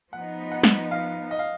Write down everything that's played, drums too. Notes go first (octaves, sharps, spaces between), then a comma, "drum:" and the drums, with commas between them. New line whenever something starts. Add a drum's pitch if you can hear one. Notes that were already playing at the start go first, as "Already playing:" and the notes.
F3 B3 D#4 F#5
F#5
drum: snare
F5
D#5
F5